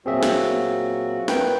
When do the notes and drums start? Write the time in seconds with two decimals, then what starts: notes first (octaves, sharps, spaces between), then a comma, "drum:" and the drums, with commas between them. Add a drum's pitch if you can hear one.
0.06 A#2 F#3 C4 F#4 G#4 E5
0.23 drum: snare
1.28 A#4 B4 G5, drum: snare